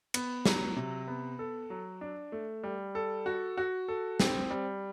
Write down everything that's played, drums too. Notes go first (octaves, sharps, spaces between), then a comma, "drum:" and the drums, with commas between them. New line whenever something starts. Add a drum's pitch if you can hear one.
B3, drum: cymbal
F#3, drum: snare
C3
B3
A4
F#3
D4
A3
G3
A4
F#4
F#4
A4
C4, drum: snare
G3